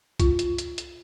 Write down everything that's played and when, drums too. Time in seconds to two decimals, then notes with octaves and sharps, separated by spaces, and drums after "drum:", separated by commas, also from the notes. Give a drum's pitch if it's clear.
0.20 F4, drum: kick B1, hi-hat
0.39 drum: hi-hat
0.58 drum: hi-hat
0.78 drum: hi-hat